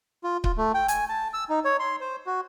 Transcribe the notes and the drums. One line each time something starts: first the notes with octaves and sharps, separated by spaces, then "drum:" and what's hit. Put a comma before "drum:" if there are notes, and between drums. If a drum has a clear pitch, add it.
F4
F4, drum: kick C#1
A3
G5
G#5, drum: hi-hat
A5
E6
D#4
C#5
C6
C5
F#4